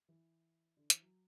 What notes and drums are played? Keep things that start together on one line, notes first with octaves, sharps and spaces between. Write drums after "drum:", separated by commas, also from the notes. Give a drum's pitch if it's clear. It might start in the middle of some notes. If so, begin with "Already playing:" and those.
E3
D3
E3, drum: hi-hat
F#3